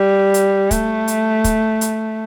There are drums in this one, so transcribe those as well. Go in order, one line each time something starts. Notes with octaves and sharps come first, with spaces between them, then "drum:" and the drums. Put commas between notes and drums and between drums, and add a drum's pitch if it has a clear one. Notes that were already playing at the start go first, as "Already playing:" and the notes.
Already playing: G3
drum: hi-hat
A3, drum: kick, hi-hat
drum: hi-hat
drum: kick, hi-hat
drum: hi-hat